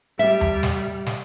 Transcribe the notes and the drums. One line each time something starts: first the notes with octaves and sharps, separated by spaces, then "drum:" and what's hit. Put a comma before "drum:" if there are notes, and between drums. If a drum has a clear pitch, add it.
G3 E5
drum: tom E2
drum: snare
drum: snare